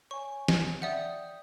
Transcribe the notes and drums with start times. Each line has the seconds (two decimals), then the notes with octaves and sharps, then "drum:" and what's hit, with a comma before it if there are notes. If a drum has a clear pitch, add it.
0.11 C#5 G#5 C#6
0.48 drum: snare
0.82 D5 E5 F#5 G5 D#6 G6